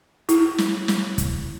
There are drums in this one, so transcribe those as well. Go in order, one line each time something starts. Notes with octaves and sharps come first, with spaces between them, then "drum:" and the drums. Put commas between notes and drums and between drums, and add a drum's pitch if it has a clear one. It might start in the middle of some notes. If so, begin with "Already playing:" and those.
E4, drum: hi-hat
drum: snare
drum: snare
drum: kick, hi-hat